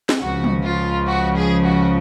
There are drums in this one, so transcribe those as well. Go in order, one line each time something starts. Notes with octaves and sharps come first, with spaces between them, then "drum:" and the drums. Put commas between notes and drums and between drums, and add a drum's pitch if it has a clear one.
drum: snare C#4
C#2 C#3 F3 F#4
drum: tom
F4
F#4
G#4
F#4